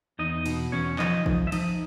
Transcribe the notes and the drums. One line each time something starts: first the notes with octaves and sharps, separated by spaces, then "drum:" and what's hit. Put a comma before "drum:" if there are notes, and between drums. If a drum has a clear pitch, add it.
E2 D#4 D#5
B2, drum: cymbal
E2 C#4 C#5
F3 D#4 D#5, drum: clap
F3, drum: kick
E5
F3 D#4 D#5, drum: cymbal